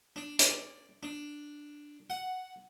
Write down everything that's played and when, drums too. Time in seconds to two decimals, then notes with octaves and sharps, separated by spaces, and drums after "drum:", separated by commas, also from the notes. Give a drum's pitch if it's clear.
0.16 D4
0.39 D5, drum: hi-hat
1.03 D4
2.10 F#5